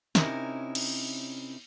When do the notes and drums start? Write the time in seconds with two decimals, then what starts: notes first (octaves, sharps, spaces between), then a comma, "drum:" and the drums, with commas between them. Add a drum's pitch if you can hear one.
0.15 C3 C#4 D#4 E4 A#4 C#5, drum: snare
0.75 drum: cymbal